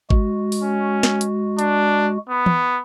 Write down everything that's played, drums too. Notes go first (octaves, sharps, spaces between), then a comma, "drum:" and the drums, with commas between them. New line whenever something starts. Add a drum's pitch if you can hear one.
G#3 F#4, drum: kick G#1
drum: open hi-hat
C#4
drum: snare
drum: hi-hat
D4, drum: hi-hat
B3
drum: tom